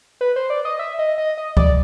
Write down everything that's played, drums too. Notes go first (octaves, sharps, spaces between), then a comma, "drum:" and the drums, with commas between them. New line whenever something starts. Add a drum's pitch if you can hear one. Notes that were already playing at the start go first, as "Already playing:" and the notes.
B4
C5
D5
D#5
E5
D#5
D#5
D#5
D5, drum: kick C#2